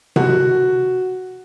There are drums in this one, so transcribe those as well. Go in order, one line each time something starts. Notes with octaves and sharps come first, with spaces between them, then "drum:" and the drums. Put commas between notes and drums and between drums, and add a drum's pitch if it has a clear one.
F#4, drum: tom C3